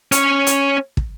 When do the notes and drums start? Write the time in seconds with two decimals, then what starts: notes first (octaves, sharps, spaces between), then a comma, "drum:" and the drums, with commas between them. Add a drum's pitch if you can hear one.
0.12 C#4 C#5, drum: hi-hat
0.47 drum: hi-hat
0.97 drum: kick